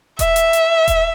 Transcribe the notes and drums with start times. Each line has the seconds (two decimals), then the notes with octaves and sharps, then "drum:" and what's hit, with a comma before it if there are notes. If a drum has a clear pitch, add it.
0.19 E5, drum: kick D#1, hi-hat
0.36 drum: hi-hat
0.53 drum: hi-hat
0.88 drum: kick D#1, hi-hat